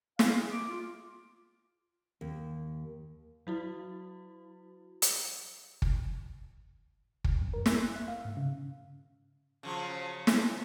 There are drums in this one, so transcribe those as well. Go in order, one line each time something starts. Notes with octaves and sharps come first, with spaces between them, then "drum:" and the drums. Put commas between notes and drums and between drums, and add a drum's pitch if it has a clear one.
F5, drum: snare
G#4
D6
F4
D#2
F#3 E4 F#4
drum: hi-hat
drum: kick
D2, drum: kick
F#2
A#4
E6, drum: snare
F#6
E5
F5
G#2
C#3
C#3 F3 F#3
drum: snare